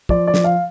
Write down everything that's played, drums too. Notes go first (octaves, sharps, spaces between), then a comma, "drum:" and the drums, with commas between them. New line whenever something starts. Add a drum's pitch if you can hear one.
F3 D5, drum: kick
D5
F3, drum: snare
F5